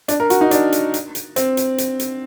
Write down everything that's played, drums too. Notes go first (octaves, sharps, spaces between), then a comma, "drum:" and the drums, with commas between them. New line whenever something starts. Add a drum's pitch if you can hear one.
D4, drum: hi-hat
A#4
F#4, drum: hi-hat
D#4
D4, drum: hi-hat
drum: hi-hat
drum: hi-hat
drum: hi-hat
C4, drum: hi-hat
drum: hi-hat
drum: hi-hat
drum: hi-hat